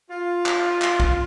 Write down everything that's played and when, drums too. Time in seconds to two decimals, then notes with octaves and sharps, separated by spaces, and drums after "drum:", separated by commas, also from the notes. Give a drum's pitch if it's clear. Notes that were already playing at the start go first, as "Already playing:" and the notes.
0.10 F4
0.46 drum: clap
0.82 drum: clap
1.00 drum: kick B1